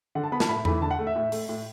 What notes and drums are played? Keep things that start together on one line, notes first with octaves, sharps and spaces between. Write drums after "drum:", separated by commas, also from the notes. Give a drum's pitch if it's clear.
D3 F#5
A5
B3 B5
A5, drum: snare
A2 B5
E3 A3 B5, drum: tom E2
D3 A5
F#5
A3
E5
A2
A3, drum: open hi-hat
A2